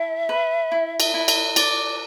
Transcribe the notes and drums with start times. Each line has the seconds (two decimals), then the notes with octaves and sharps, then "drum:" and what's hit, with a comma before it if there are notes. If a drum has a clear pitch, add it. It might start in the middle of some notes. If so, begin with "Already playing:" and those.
Already playing: E4 E5 A5
0.29 B4
0.72 E4
1.00 drum: cymbal
1.14 E4
1.28 drum: cymbal
1.56 D5, drum: cymbal